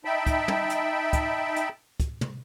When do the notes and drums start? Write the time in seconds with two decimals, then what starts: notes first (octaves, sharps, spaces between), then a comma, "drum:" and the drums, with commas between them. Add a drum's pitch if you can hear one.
0.05 D#4 E5 G5 A5 B5
0.27 drum: kick, hi-hat
0.48 drum: tom
0.70 drum: hi-hat
1.13 drum: kick, hi-hat
1.56 drum: hi-hat
2.00 drum: kick, hi-hat
2.21 drum: tom